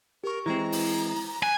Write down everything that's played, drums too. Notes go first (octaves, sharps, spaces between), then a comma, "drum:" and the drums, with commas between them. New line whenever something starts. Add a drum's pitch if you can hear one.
G4 A#4 C#6
E3 G#3 C4 E4 A#5
drum: open hi-hat
G#5 F#6